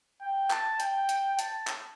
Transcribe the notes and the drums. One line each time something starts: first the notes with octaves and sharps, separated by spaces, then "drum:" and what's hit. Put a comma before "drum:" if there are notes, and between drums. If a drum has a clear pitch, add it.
G5
A5, drum: clap
G5, drum: hi-hat
drum: hi-hat
A5, drum: hi-hat
drum: clap